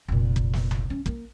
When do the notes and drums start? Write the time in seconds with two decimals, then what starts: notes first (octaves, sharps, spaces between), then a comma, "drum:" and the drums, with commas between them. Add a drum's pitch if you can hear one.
0.08 F1 A#2
0.36 drum: kick
0.53 drum: snare
0.71 drum: tom C2
0.90 C#4
1.06 A#3, drum: kick